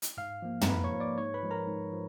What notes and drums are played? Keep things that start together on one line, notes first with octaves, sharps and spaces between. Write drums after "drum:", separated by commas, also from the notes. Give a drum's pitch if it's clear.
drum: hi-hat
G#2 F5 F6
F3 A#3
A#5, drum: tom
G#2 B4 B5
C#5 C#6
F3 A#3
D5 D6
G#2 C#5 C#6
B4 B5
F3 G#3
A#4 A#5
G#2
F3